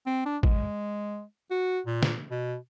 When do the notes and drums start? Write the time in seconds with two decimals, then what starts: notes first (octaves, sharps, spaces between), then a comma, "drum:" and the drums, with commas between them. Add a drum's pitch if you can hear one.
0.06 C4
0.26 D4
0.43 G#3, drum: kick
1.51 F#4
1.86 A#2
2.03 drum: snare
2.31 B2